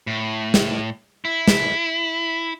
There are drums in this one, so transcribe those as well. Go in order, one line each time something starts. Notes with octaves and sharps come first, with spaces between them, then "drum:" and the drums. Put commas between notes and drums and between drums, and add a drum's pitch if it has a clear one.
A2
drum: snare
E4
drum: snare